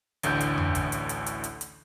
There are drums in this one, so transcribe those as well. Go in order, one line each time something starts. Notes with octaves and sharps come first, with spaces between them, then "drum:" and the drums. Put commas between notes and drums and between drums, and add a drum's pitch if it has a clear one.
A1 D2 A2 D3 G6, drum: hi-hat
drum: hi-hat
drum: tom F2
drum: kick, hi-hat
drum: hi-hat
drum: hi-hat
drum: hi-hat
drum: hi-hat
drum: hi-hat